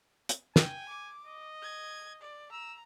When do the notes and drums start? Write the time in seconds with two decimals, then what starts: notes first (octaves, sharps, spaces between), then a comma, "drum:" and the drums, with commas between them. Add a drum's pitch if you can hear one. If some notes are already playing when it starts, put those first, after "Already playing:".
0.29 drum: hi-hat
0.56 G5 G#5, drum: snare
0.89 D6
1.26 D#5
1.62 G#6
2.21 D5
2.52 A#5 E6